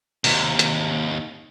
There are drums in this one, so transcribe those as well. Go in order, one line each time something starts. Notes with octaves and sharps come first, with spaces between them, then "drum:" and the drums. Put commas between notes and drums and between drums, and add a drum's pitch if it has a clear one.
D#2 C3, drum: open hi-hat
drum: hi-hat